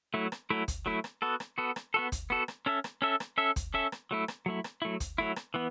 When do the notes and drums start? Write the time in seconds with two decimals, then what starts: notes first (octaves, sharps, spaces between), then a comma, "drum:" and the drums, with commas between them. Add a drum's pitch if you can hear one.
0.14 F#3 A3 E4
0.32 drum: rim click
0.50 F#3 A3 E4
0.68 drum: kick, hi-hat
0.86 F#3 A3 E4
1.04 drum: rim click
1.22 B3 F#4 A4
1.40 drum: rim click
1.58 B3 F#4 A4
1.76 drum: rim click
1.94 B3 F#4 A4
2.12 drum: kick, hi-hat
2.30 B3 F#4 A4
2.48 drum: rim click
2.66 C#4 A4 E5
2.84 drum: rim click
3.02 C#4 A4 E5
3.20 drum: rim click
3.38 C#4 A4 E5
3.56 drum: kick, hi-hat
3.74 C#4 A4 E5
3.92 drum: rim click
4.11 F#3 A3 E4
4.28 drum: rim click
4.46 F#3 A3 E4
4.64 drum: rim click
4.82 F#3 A3 E4
5.00 drum: kick, hi-hat
5.18 F#3 A3 E4
5.36 drum: rim click
5.54 E3 B3